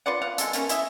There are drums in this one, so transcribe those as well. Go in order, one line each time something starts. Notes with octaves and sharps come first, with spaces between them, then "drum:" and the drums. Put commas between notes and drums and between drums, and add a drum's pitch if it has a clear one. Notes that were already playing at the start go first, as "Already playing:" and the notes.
F4 B4 D5 F#5
F5 F#5
G#3 A4, drum: hi-hat
A3 A#3 C#4, drum: hi-hat
E4 D#5 E5, drum: hi-hat